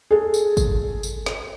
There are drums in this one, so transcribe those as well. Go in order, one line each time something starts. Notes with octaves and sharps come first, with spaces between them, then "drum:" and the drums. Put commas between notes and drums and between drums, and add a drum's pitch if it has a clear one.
G#4 A4
drum: tambourine
drum: kick, tambourine
drum: tambourine
drum: snare